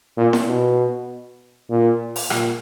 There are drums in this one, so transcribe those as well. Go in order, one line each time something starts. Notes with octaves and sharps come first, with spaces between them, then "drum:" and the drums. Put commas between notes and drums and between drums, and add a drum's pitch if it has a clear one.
A#2
drum: snare E4
B2
A#2
drum: open hi-hat
A#2, drum: rim click